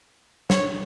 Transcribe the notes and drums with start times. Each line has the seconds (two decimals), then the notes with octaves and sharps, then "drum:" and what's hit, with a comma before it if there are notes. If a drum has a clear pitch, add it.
0.50 C#5, drum: snare